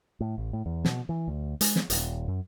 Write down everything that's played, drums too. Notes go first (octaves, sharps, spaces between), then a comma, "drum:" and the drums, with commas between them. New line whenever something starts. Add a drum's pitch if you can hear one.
A2
A1
A2
E2
B2, drum: snare
E3
D2
G#3, drum: hi-hat
drum: snare
D#1, drum: hi-hat
F#2